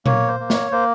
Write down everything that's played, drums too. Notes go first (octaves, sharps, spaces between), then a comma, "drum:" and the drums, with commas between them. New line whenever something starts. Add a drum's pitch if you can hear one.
A#3 C#5, drum: tom A#2
C5
A#3
C#5, drum: snare
A#3 C5